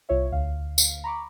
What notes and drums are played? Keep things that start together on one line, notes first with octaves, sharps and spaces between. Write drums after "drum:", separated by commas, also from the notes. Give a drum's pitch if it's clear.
C2 F4 C#5 E5
D2 F5
drum: tambourine
A#5 B5 C#6 D6